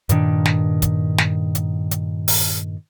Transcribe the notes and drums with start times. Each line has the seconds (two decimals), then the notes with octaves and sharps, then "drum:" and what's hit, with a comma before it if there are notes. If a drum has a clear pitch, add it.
0.09 G2 A#2 D#3 D4, drum: hi-hat
0.46 drum: snare
0.82 drum: kick, hi-hat
1.18 drum: snare
1.55 drum: hi-hat
1.91 drum: hi-hat
2.28 drum: open hi-hat